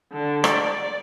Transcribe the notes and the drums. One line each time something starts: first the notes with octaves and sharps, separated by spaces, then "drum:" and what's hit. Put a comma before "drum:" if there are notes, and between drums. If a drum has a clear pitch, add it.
D3
D5, drum: rim click